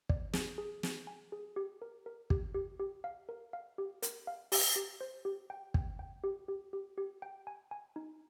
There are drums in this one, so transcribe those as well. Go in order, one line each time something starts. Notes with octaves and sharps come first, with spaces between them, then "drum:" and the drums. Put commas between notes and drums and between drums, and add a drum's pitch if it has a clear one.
D5, drum: kick
G#4, drum: snare
G#4
G#4, drum: snare
G#5
G#4
G4
A#4
A#4
G4, drum: kick
G4
G4
F5
A#4
F5
G4
A#4, drum: hi-hat
F5
G4, drum: open hi-hat
G4
C5
G4
G5
G5, drum: kick
G5
G4
G4
G4
G4
G5
G#5
G#5
D#4